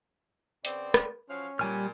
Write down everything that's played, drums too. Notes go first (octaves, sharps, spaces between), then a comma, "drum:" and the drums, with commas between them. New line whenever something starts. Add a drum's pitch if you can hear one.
C#3 B3 C4 D5, drum: hi-hat
drum: rim click
F3 F#3 C#4 F5
A#2 G3 G#5 F6